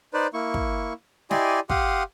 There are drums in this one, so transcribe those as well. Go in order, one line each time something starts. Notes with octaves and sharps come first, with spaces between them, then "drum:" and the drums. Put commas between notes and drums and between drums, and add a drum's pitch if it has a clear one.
D#4 B4 C5 D5
A#3 E4 C#6
drum: kick
E4 G4 D5 D#5 G#5 C6, drum: snare
G4 F5 F#5 C6 D#6, drum: kick